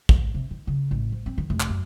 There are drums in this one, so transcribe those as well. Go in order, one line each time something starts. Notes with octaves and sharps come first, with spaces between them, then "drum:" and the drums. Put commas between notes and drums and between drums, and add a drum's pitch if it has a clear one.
G#2, drum: kick
C3
D#3
C#3
A1
F3
C4
D#3
F1
drum: clap
F#2